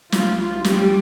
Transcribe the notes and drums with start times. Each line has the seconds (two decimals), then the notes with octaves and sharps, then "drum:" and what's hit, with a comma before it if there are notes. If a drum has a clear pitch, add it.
0.12 F4, drum: snare
0.64 G3, drum: snare